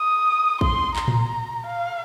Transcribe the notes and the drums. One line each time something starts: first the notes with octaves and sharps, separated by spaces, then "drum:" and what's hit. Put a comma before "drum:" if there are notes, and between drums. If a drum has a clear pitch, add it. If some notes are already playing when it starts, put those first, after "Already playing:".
Already playing: D#6
C6, drum: kick
A#5, drum: clap
drum: tom A2
F5